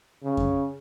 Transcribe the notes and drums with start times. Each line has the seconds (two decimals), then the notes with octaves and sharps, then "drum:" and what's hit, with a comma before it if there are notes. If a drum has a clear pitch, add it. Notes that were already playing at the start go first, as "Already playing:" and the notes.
0.24 C#3
0.37 drum: kick F#2